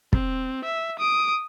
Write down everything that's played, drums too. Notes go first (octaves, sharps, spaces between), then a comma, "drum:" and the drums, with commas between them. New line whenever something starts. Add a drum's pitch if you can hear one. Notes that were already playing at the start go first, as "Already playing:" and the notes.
C4, drum: kick
E5
D#6 D7